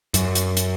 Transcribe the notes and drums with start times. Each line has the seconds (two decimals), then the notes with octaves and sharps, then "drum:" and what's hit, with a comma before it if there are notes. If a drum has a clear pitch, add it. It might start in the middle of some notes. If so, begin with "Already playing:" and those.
0.14 F#2, drum: hi-hat
0.35 drum: hi-hat
0.57 drum: hi-hat